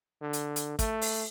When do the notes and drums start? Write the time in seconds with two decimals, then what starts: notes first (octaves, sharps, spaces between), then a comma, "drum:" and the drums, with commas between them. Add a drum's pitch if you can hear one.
0.22 D3
0.33 drum: hi-hat
0.56 drum: hi-hat
0.79 A3, drum: kick, hi-hat
1.01 drum: open hi-hat